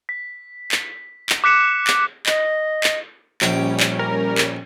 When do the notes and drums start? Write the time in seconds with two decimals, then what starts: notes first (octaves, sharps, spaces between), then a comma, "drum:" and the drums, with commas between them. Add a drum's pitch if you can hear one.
0.09 B6
0.72 drum: clap
1.29 drum: clap
1.44 D6 F#6 B6 C#7 E7
1.87 drum: clap
2.26 D#5, drum: clap
2.84 drum: clap
3.41 A#1 G3 C#4 G5, drum: clap
3.80 drum: clap
3.99 A#4
4.38 drum: clap